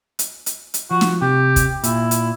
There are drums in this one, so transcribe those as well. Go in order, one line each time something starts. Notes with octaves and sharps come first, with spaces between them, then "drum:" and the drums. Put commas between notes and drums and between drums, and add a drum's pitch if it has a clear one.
drum: hi-hat
drum: hi-hat
drum: hi-hat
F3 F#4
drum: snare
C3 G4
drum: kick, hi-hat
A#2 E4, drum: hi-hat
drum: hi-hat